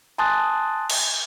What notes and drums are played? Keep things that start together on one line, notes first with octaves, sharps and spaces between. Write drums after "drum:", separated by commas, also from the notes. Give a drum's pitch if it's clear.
G#5 A5 C6 D#6 F#6 A6
drum: cymbal